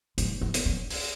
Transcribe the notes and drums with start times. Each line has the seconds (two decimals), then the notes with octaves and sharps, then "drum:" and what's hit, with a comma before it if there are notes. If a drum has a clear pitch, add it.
0.18 G#3, drum: hi-hat
0.41 B3
0.54 drum: hi-hat
0.66 C#4
0.90 drum: open hi-hat